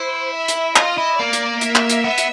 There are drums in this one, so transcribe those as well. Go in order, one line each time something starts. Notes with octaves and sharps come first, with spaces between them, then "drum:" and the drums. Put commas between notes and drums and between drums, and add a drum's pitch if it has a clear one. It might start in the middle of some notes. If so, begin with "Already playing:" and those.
Already playing: E4 C5
E5
drum: hi-hat
F4 D#5, drum: clap
E4
A#3 D5
drum: hi-hat
E5, drum: hi-hat
drum: clap
drum: hi-hat
B3
drum: hi-hat